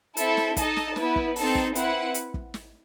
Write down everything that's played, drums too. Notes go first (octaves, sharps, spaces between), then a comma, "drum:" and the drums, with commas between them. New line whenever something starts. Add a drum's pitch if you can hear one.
C4 E4 A4 E5, drum: hi-hat
drum: snare
D#4 A4 D#5 A5, drum: kick, hi-hat
drum: snare
B3 E4 B4, drum: snare
drum: kick
C4 D#4 A4, drum: open hi-hat
drum: kick
C4 E4 B4 F#5, drum: hi-hat
drum: hi-hat
drum: kick
drum: snare